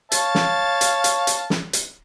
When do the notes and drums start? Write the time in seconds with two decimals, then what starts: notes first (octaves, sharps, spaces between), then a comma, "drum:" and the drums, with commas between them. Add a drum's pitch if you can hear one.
0.12 C#5 F5 A5, drum: hi-hat
0.35 drum: snare
0.81 drum: hi-hat
1.04 drum: hi-hat
1.27 drum: hi-hat
1.50 drum: snare
1.73 drum: hi-hat